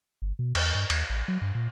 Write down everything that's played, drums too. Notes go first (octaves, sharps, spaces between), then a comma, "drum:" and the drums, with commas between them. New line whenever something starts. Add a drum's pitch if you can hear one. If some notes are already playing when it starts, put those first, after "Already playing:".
G1
B2
E2, drum: cymbal
G2
D#2, drum: cymbal
A1
F#3
G2
A#2